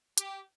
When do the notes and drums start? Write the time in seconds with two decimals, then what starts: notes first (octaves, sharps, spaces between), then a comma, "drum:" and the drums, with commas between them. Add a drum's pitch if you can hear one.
0.18 G4, drum: hi-hat